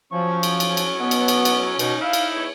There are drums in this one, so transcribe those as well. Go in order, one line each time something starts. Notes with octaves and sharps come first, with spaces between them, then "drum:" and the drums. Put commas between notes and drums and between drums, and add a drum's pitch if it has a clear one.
F3 F#3 C#4 C#6
drum: cymbal
drum: cymbal
drum: cymbal
B2 B3
drum: cymbal
drum: cymbal
drum: cymbal
B2 C#4 D#4, drum: cymbal
D#4 E4 F5
drum: cymbal
E2 C#5